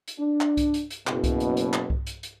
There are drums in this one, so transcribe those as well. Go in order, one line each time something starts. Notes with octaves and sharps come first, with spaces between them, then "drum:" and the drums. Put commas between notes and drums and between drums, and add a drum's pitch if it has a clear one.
drum: hi-hat
D4
drum: clap
drum: kick C2, hi-hat
drum: hi-hat
drum: hi-hat
F#1 B2, drum: clap
drum: kick C2, hi-hat
drum: hi-hat
drum: hi-hat
drum: clap
drum: kick C2
drum: hi-hat
drum: hi-hat